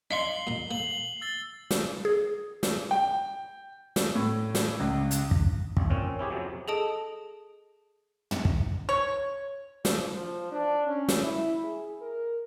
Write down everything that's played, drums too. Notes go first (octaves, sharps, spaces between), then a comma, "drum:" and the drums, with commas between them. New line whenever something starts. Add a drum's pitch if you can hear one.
D4 D#5 F5 C6 C7 F#7 G7
A#2 A#5
A#3 F#7
E6 A6 G7
drum: snare
G#4
drum: snare
G5
drum: snare
A2
drum: snare
C#2
drum: hi-hat
drum: kick
G#1, drum: kick
A#2 C4 C#4
C#4 E4 G4 G#4
F2 C3 F#3
G#4 A4 D#5 A5 D#6 D7
drum: tom
drum: kick
C#5
F3, drum: snare
F3
D4
C#4
drum: snare
E4
G#4
A#4